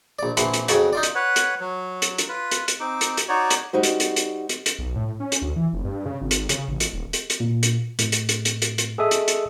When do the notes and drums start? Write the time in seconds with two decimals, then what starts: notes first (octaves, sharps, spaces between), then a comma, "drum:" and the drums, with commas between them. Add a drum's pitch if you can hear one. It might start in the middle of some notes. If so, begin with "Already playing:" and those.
0.19 A#1 D5
0.37 A#1 E3 F#5 C6, drum: hi-hat
0.54 drum: hi-hat
0.68 F2 C#3 F#3, drum: hi-hat
0.93 D#4 F4 D5
1.03 drum: hi-hat
1.15 B4 C#5 F#5
1.36 drum: hi-hat
1.60 F#3
2.02 drum: hi-hat
2.18 drum: hi-hat
2.28 F4 B4
2.51 drum: hi-hat
2.68 drum: hi-hat
2.80 C4 D#4 D6
3.01 drum: hi-hat
3.17 drum: hi-hat
3.29 D#4 F#4 C#5 D5
3.50 drum: hi-hat
3.73 G3 D#4 F#4 C5
3.83 drum: hi-hat
4.00 drum: hi-hat
4.16 drum: hi-hat
4.49 drum: hi-hat
4.66 drum: hi-hat
4.79 B1
4.96 A2
5.20 C#4
5.32 drum: hi-hat
5.42 D2
5.56 E3
5.73 F1
5.85 G2
6.06 C#3
6.21 G#1
6.31 drum: hi-hat
6.49 C#3, drum: hi-hat
6.68 A1
6.80 drum: hi-hat
6.93 D#1
7.13 drum: hi-hat
7.30 drum: hi-hat
7.40 A#2
7.63 drum: hi-hat
7.99 A2, drum: hi-hat
8.12 drum: hi-hat
8.29 drum: hi-hat
8.45 drum: hi-hat
8.62 drum: hi-hat
8.78 drum: hi-hat
8.98 G#4 A4 D#5 E5 D#6
9.11 drum: hi-hat
9.28 drum: hi-hat